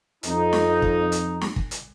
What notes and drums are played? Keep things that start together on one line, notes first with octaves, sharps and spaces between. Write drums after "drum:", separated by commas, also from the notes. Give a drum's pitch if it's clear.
F2 D#4, drum: hi-hat
drum: snare
drum: kick
drum: hi-hat
drum: snare
drum: kick
drum: hi-hat